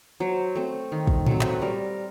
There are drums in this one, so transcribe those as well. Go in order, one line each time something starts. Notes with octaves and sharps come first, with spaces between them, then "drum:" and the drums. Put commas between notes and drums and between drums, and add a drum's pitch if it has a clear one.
F#3 C5
A3 C4
D#3
drum: kick
F#3 A3 C4, drum: tom A2
drum: clap
B4
G3 A#4